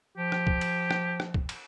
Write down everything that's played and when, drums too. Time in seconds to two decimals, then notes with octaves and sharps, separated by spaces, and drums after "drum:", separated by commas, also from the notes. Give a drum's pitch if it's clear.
0.18 F3 G4
0.32 drum: rim click
0.47 drum: kick
0.61 drum: cymbal
0.91 drum: rim click
1.20 drum: rim click
1.34 drum: kick
1.49 drum: cymbal